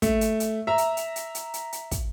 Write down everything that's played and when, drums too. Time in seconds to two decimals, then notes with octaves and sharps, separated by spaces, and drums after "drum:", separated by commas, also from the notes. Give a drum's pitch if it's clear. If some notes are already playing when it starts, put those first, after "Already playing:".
0.02 A3, drum: kick, hi-hat
0.21 drum: hi-hat
0.40 drum: hi-hat
0.67 E5 A#5
0.78 drum: hi-hat
0.97 drum: hi-hat
1.16 drum: hi-hat
1.35 drum: hi-hat
1.54 drum: hi-hat
1.73 drum: hi-hat
1.91 drum: kick, hi-hat